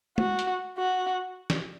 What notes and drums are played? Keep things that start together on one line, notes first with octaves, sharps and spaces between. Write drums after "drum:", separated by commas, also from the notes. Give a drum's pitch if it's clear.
F#4, drum: tom
drum: hi-hat
F#4
drum: snare